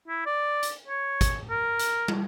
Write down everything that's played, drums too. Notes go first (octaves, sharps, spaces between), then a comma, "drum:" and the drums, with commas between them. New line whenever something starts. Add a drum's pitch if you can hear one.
E4
D5
drum: hi-hat
C#5
drum: kick, hi-hat
A#4
drum: hi-hat
drum: tom